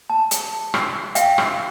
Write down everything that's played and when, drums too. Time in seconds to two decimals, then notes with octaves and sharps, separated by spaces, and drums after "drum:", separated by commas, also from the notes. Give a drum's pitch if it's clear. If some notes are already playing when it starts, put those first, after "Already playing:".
0.10 A5
0.31 drum: hi-hat
0.74 drum: rim click
1.15 E5 F5 G5, drum: hi-hat
1.38 drum: rim click